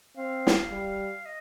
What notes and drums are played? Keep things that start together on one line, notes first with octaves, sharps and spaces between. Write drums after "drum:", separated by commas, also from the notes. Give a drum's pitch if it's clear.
C4 F5
drum: snare
G3
D#5